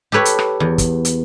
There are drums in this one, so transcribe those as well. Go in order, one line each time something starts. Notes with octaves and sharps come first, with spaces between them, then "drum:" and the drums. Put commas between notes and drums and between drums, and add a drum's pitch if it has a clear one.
G4 A4 B4 C#5
drum: hi-hat
drum: rim click
E2
drum: kick, hi-hat
drum: hi-hat